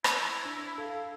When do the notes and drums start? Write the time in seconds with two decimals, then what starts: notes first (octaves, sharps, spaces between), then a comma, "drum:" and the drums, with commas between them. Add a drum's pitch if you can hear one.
0.04 E4, drum: rim click
0.45 D4
0.65 B5
0.78 A4 F5